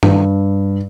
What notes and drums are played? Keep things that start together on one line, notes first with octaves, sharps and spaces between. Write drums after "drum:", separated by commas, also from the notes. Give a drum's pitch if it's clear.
G2, drum: tom